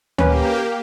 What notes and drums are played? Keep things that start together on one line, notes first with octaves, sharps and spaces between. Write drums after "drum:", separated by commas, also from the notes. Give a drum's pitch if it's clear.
A#3 C#4 G4 B4, drum: tom D2